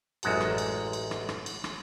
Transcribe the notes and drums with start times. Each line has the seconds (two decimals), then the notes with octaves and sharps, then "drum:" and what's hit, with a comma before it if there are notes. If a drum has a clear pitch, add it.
0.23 A1 F#2 G#3 F#4 A5, drum: cymbal
0.41 drum: rim click
0.58 drum: cymbal
0.93 drum: cymbal
1.11 drum: rim click
1.29 drum: rim click
1.46 drum: cymbal
1.64 drum: rim click